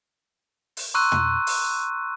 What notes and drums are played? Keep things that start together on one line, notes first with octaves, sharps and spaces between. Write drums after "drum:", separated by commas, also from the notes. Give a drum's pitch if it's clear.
drum: open hi-hat
A#5 C6 C#6 E6 F#6 D#7
drum: tom
drum: open hi-hat